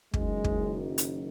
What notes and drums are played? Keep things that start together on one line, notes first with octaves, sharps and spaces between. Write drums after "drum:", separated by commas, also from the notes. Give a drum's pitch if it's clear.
F#1 F#2 D#3 G#3, drum: kick
drum: kick
drum: hi-hat